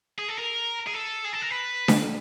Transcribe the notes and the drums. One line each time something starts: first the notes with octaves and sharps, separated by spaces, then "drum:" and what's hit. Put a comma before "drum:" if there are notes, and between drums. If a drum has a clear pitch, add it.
G#4
A4
A#4
G#4
A4
G#4
A4
A#4
B4
drum: snare D4